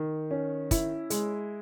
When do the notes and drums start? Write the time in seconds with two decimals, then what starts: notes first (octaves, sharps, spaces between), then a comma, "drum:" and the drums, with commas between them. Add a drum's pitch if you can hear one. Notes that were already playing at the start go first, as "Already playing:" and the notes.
Already playing: D#3
0.31 C#4
0.71 E4, drum: kick, hi-hat
1.10 G#3, drum: hi-hat